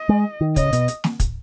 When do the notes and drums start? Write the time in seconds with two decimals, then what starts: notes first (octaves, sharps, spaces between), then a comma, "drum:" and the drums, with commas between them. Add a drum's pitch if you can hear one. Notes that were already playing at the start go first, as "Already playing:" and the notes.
Already playing: D#5
0.09 G#3
0.41 D#3
0.56 C#3 D#5, drum: kick, hi-hat
0.73 B2, drum: hi-hat
0.88 drum: hi-hat
1.04 drum: snare
1.20 drum: kick, hi-hat